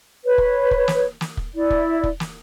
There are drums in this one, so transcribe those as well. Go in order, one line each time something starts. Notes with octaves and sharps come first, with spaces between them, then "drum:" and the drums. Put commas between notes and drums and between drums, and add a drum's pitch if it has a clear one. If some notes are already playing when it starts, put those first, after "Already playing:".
B4 C#5
drum: kick
drum: kick
drum: snare
drum: snare
drum: kick
E4 D5
drum: kick
drum: kick
drum: snare